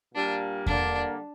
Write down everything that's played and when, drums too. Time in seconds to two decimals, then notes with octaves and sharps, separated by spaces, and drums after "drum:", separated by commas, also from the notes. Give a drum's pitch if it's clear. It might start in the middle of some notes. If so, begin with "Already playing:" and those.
0.15 A#2 G3 A#3 D4
0.66 D3 G3 A#3 D4, drum: kick E2